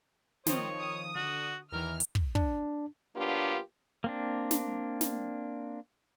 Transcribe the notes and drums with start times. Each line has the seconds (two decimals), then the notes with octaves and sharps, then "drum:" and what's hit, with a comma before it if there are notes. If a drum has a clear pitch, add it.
0.46 D#3 F3 C4 C#5 D#6, drum: snare
0.77 D#6
1.15 D3 F#4
1.72 E2 D#3 E3 A#4 F6
2.00 drum: hi-hat
2.15 drum: kick
2.35 D4, drum: kick
3.16 F#3 A#3 B3 D4 F4 G4
4.04 A#3 C4 D4
4.51 drum: snare
5.01 drum: snare